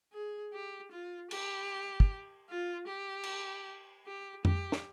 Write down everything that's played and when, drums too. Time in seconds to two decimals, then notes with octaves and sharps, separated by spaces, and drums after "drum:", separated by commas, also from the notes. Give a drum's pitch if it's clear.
0.13 G#4
0.53 G4
0.91 F4
1.31 G4, drum: cymbal
2.00 drum: kick
2.49 F4
2.88 G4
3.23 drum: cymbal
4.06 G4
4.45 G4, drum: tom F2
4.72 drum: snare